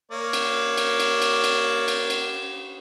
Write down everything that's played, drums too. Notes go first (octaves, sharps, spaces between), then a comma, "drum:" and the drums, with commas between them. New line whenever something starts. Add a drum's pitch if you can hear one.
A#3 C#5 D5
drum: cymbal
drum: cymbal
drum: cymbal
drum: cymbal
drum: cymbal
drum: cymbal
drum: cymbal